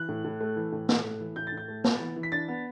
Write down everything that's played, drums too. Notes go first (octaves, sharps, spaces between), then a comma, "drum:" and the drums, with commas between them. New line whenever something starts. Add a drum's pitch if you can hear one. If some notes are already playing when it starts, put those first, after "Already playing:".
Already playing: E3 F#6
A2
A2
A3
E3
A2
A2, drum: snare
A3
E3
A2 G6
A6
A2
G6
A3
B3, drum: snare
E3
E3
B6
D4 A6
B3